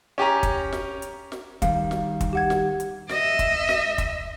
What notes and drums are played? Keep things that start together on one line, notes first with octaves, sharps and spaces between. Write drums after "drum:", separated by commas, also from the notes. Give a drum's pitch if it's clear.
C#4 G4 G#5 A#5
drum: kick, hi-hat
drum: snare
drum: hi-hat
drum: snare
D#3 G3 F5, drum: kick, hi-hat
drum: snare
drum: kick, hi-hat
G4 F#5 G#6
drum: snare
drum: hi-hat
D#5 E5, drum: snare
drum: kick, hi-hat
drum: snare
drum: kick, hi-hat